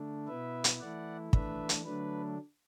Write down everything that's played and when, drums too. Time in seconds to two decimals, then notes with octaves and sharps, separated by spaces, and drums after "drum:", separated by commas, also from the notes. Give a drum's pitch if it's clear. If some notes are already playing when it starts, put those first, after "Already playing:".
Already playing: D3 A3 D4
0.28 B2 B3 E4 B4 E5
0.64 drum: hi-hat
0.80 E3 A3 E4 D5 F#5
1.33 E3 A3 D4 B4 E5, drum: kick
1.69 drum: hi-hat
1.85 D3 F#3 A3 D4 B4